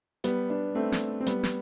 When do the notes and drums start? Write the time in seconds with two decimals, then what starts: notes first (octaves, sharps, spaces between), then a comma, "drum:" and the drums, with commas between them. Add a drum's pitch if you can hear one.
0.24 G3 B3, drum: hi-hat
0.50 B3 D4
0.75 A3 C4
0.92 drum: snare
1.21 C4
1.26 G3 B3, drum: hi-hat
1.44 drum: snare